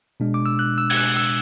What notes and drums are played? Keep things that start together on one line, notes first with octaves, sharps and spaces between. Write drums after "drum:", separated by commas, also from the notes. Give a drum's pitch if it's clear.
B2 G#3 D4
D6
E6
F#6
E6
G#6, drum: open hi-hat
F#6
E6